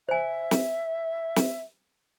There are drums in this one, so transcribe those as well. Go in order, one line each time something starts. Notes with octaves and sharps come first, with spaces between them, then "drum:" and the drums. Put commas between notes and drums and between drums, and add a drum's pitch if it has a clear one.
C5 E5 G#5
drum: snare
drum: snare